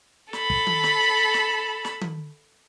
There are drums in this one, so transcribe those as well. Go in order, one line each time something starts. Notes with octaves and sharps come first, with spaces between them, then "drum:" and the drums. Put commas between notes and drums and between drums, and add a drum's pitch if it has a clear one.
A4 B5, drum: snare
drum: kick
drum: tom D#3
drum: snare
drum: snare
drum: snare
drum: tom D#3